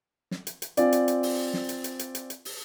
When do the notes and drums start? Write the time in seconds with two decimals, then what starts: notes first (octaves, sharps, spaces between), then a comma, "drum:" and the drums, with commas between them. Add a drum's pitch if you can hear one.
0.31 drum: snare
0.47 drum: hi-hat
0.62 drum: hi-hat
0.77 C4 F4 D5 G#5, drum: hi-hat
0.92 drum: hi-hat
1.08 drum: hi-hat
1.23 drum: open hi-hat
1.54 drum: snare
1.69 drum: hi-hat
1.84 drum: hi-hat
1.99 drum: hi-hat
2.15 drum: hi-hat
2.30 drum: hi-hat
2.45 drum: open hi-hat